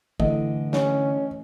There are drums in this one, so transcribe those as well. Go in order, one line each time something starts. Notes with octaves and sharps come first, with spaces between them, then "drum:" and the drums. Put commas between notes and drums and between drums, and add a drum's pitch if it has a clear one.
D3 E3 A3 D#5, drum: kick G#1
C#4, drum: snare